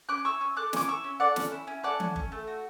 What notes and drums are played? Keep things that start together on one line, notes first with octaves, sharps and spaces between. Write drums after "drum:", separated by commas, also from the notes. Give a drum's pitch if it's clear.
C#4 D6 F#6
E4 C#6 E6
C#4
A4 D6 F#6
C#4 D6, drum: snare
E4 C#6 E6
C#4
A4 D5 F#5
C#4, drum: snare
E4
C#4
A4 D5 F#5
C#4, drum: tom E3
C#4, drum: kick G1
A3
F#4